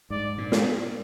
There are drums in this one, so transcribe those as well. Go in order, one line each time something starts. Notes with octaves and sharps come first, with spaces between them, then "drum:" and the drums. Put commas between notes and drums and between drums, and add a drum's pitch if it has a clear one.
G#2 D5
A#2
drum: snare